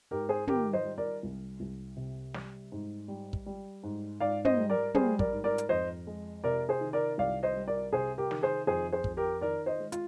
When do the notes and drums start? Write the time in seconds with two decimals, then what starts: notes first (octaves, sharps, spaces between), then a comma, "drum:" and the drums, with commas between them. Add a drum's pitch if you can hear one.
0.11 G#2 G4 A#4
0.29 G#4 C5
0.47 D#3 G4 A#4, drum: tom
0.73 C5 D#5
0.85 G3
0.98 A#4 D5
1.23 C2
1.60 C2
1.96 C3
2.34 G3, drum: snare
2.72 G#2
3.08 G3
3.33 drum: kick
3.46 G3
3.83 G#2
4.20 G#2 D5 F5
4.45 C5 D#5, drum: tom
4.57 G3
4.70 A#4 D5
4.94 G3 G#4 C5, drum: tom
5.19 A#4 D5, drum: kick
5.32 G#2
5.44 A#4 D5
5.58 drum: hi-hat
5.69 F2 C5 D#5
6.07 G#3
6.44 C3 A#4 D5
6.69 G#4 C5
6.81 D#3
6.93 A#4 D5
7.18 C2 D5 F5
7.43 C5 D#5
7.56 G3
7.68 A#4 D5
7.93 C3 G#4 C5
8.18 G4 A#4
8.31 D#3, drum: snare
8.43 G#4 C5
8.67 F2 G#4 C5
8.92 G#4 C5
9.04 F2, drum: kick
9.17 G4 A#4
9.41 D#3 A#4 D5
9.66 C5 D#5
9.80 G#3
9.92 F4, drum: hi-hat